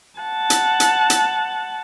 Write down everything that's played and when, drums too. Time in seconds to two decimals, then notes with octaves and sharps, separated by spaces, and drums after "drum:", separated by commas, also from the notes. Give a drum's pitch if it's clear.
0.20 F#5 A5
0.50 drum: hi-hat
0.80 drum: hi-hat
1.10 drum: hi-hat